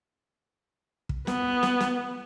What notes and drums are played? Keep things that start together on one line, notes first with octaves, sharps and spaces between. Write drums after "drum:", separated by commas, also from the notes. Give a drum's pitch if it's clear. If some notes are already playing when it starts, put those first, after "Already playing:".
drum: kick
B3, drum: snare
drum: snare
drum: snare